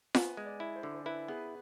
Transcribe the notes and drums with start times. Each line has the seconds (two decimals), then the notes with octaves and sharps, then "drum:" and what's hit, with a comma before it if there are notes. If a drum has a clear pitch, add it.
0.15 B3 G#5, drum: snare F4
0.37 G#3
0.45 D5
0.60 E4
0.76 C5
0.83 D3
0.94 C5
1.06 E4 B4
1.28 B3 G#4